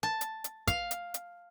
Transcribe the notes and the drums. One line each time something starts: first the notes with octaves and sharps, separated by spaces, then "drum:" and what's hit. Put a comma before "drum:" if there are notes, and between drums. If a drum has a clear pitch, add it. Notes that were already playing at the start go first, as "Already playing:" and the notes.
A5
drum: hi-hat
drum: hi-hat
F5, drum: kick, hi-hat
drum: hi-hat
drum: hi-hat